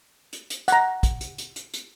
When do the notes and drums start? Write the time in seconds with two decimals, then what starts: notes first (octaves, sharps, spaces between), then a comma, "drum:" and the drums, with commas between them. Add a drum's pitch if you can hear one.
0.33 drum: hi-hat
0.50 drum: hi-hat
0.68 F#5 A#5, drum: hi-hat
1.03 drum: kick, hi-hat
1.21 drum: hi-hat
1.38 drum: hi-hat
1.56 drum: hi-hat
1.74 drum: hi-hat